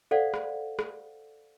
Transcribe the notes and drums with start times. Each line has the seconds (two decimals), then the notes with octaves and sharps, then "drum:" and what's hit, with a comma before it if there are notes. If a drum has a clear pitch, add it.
0.11 A4 C5 D5 F5 F#5
0.34 drum: rim click
0.79 drum: rim click